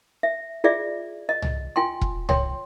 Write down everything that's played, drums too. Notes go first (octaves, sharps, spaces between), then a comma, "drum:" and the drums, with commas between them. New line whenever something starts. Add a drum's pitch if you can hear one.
E5
F4 G#4 D5 E5
D#5
drum: tom C2
F4 G5 G#5 C6
drum: kick E1
C#5 G5 C6, drum: tom C2